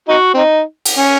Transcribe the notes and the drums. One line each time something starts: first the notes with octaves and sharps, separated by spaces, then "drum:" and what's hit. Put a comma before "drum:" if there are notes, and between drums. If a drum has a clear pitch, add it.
D#4 F#4
C4 D#4
drum: cymbal
C#4